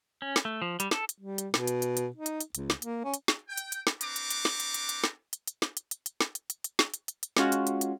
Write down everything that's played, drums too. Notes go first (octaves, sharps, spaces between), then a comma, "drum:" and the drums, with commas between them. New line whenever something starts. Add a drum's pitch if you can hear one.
C#4
drum: snare
A3
F3
G3, drum: hi-hat
A4, drum: snare
drum: hi-hat
G3
drum: hi-hat
B2, drum: snare
drum: hi-hat
drum: hi-hat
drum: hi-hat
D#4
drum: hi-hat
drum: hi-hat
C#2, drum: hi-hat
drum: snare
A#3, drum: hi-hat
C#4
drum: hi-hat
drum: snare
G5
drum: hi-hat
drum: hi-hat
drum: snare
C4 D4 B4 A#5 C#6 D6, drum: hi-hat
drum: hi-hat
drum: hi-hat
drum: snare
drum: hi-hat
drum: hi-hat
drum: hi-hat
drum: snare
drum: hi-hat
drum: hi-hat
drum: snare
drum: hi-hat
drum: hi-hat
drum: hi-hat
drum: snare
drum: hi-hat
drum: hi-hat
drum: hi-hat
drum: snare
drum: hi-hat
drum: hi-hat
drum: hi-hat
G#3 C#4 F4 F#4, drum: snare
drum: hi-hat
drum: hi-hat
drum: hi-hat